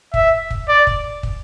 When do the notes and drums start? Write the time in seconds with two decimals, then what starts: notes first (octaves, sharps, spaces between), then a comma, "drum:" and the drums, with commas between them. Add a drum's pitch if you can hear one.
0.14 E5, drum: kick
0.51 drum: kick
0.69 D5
0.87 drum: kick
1.23 drum: kick